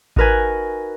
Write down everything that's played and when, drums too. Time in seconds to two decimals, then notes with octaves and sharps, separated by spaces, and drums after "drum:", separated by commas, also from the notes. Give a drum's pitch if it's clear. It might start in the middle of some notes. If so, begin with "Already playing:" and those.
0.16 D#4 F#4 A#4 B4 G#5, drum: kick G#1